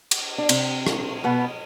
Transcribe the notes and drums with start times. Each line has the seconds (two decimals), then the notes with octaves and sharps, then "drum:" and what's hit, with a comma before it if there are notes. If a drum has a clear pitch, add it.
0.11 drum: cymbal
0.38 D4
0.49 C3 C4, drum: cymbal
0.87 drum: rim click
1.24 B2 B3